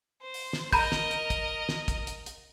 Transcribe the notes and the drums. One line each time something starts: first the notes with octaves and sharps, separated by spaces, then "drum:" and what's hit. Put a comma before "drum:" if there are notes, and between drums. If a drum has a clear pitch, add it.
C5
drum: open hi-hat
drum: snare
A#4 D#5 A#5 B5 G6, drum: kick, open hi-hat
drum: snare
drum: hi-hat
drum: kick, hi-hat
drum: snare
drum: kick, hi-hat
drum: hi-hat
drum: hi-hat